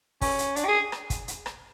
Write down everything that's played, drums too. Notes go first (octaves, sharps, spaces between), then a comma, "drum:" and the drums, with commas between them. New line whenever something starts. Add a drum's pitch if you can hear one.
C#4, drum: kick, open hi-hat
drum: hi-hat
D4, drum: hi-hat
G4
G#4
drum: rim click
drum: kick, hi-hat
drum: hi-hat
drum: rim click